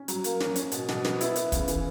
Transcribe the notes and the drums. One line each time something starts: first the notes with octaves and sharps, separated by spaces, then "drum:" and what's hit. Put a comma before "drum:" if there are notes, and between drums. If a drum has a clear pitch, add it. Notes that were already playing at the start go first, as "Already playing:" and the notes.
Already playing: C#4
F#3, drum: hi-hat
A#3, drum: hi-hat
C#4, drum: snare
C#4, drum: hi-hat
B2, drum: hi-hat
B2, drum: snare
B3, drum: snare
E4, drum: hi-hat
B3, drum: hi-hat
C#3, drum: kick, hi-hat
E3, drum: hi-hat